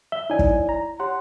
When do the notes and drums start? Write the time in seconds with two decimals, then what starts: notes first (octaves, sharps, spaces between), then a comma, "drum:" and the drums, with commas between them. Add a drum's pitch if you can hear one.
0.12 E5 G7
0.30 D#4 E4 C#5 D5 G#5
0.39 drum: kick
0.69 A#5
1.00 G4 C#5 F#5 C6